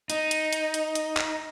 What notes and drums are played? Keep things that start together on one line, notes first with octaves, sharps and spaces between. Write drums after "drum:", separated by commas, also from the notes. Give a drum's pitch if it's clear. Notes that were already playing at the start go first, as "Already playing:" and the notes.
D#4, drum: hi-hat
drum: hi-hat
drum: hi-hat
drum: hi-hat
drum: hi-hat
drum: clap